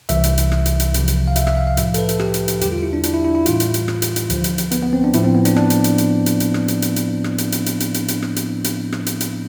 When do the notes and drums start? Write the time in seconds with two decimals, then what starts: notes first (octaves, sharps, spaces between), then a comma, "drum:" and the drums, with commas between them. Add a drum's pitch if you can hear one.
0.09 C2 C3 E3 G3 E5, drum: hi-hat
0.24 drum: hi-hat
0.38 drum: hi-hat
0.52 drum: rim click
0.66 drum: hi-hat
0.80 drum: hi-hat
0.94 C2 C3 F3, drum: hi-hat
1.08 drum: hi-hat
1.28 F5
1.36 E5, drum: hi-hat
1.47 E5, drum: rim click
1.57 F5
1.67 F5
1.77 A2 F3 E5, drum: hi-hat
1.94 A4, drum: hi-hat
1.98 B4
2.09 A4, drum: hi-hat
2.19 G4, drum: rim click
2.34 drum: hi-hat
2.48 drum: hi-hat
2.61 E2 D3 G3 G4, drum: hi-hat
2.72 F4
2.83 E4
2.93 D4
3.03 D4, drum: hi-hat
3.14 E4
3.25 E4
3.35 E4
3.46 A2 E3 G3 F4, drum: hi-hat
3.60 drum: hi-hat
3.74 drum: hi-hat
3.88 drum: rim click
4.02 drum: hi-hat
4.16 drum: hi-hat
4.30 D2 D3 F3, drum: hi-hat
4.44 drum: hi-hat
4.58 drum: hi-hat
4.71 B3, drum: hi-hat
4.82 B3
4.93 C4
5.04 D4
5.13 A2 F3 E4, drum: hi-hat
5.25 C4
5.35 B3
5.45 D4, drum: hi-hat
5.56 D4, drum: rim click
5.70 drum: hi-hat
5.84 drum: hi-hat
5.98 drum: hi-hat
6.26 drum: hi-hat
6.40 drum: hi-hat
6.54 drum: rim click
6.68 drum: hi-hat
6.82 drum: hi-hat
6.96 drum: hi-hat
7.24 drum: rim click
7.38 drum: hi-hat
7.52 drum: hi-hat
7.66 drum: hi-hat
7.80 drum: hi-hat
7.94 drum: hi-hat
8.08 drum: hi-hat
8.22 drum: rim click
8.36 drum: hi-hat
8.64 drum: hi-hat
8.92 drum: rim click
9.06 drum: hi-hat
9.21 drum: hi-hat